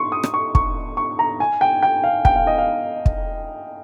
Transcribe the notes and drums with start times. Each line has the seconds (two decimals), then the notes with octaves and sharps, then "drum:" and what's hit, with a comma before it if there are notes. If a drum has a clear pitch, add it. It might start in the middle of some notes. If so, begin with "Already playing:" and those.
Already playing: C6 C#6
0.12 D#6
0.24 drum: rim click
0.34 C#6
0.55 C#6, drum: kick
0.97 C#6
1.19 A#5
1.40 G#5
1.61 G5
1.83 G5
2.04 F5
2.25 G5, drum: kick
2.36 F5
2.47 D#5
2.58 F5
3.06 drum: kick